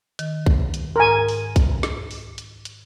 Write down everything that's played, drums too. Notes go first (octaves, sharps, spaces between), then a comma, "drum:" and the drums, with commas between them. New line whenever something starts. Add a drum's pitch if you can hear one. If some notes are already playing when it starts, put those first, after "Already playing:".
D#3, drum: hi-hat
drum: kick B1
drum: hi-hat
G#2 A#4 G#5
drum: open hi-hat
drum: kick B1, hi-hat
drum: snare
drum: open hi-hat
drum: hi-hat
drum: hi-hat